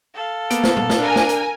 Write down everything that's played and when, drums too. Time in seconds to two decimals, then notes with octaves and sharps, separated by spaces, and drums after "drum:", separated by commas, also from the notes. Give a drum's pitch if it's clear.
0.14 A4 F5
0.50 A#3 B3 D7, drum: hi-hat
0.63 drum: snare
0.77 drum: tom
0.90 drum: snare
0.99 D4 A#4 G#5
1.16 drum: snare
1.29 drum: hi-hat